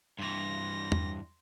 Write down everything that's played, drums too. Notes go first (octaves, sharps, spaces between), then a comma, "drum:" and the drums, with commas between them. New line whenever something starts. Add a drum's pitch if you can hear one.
G2 E3 C6 A#6
drum: tom E2